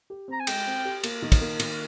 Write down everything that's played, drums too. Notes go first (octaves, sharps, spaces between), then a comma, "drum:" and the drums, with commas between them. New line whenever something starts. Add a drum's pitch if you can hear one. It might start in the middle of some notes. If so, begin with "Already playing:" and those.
G4
C4 A#5
G#5
G#3 G5, drum: cymbal
C4
G4
A#3, drum: cymbal
D#3
drum: kick, cymbal
A#3
D#3, drum: cymbal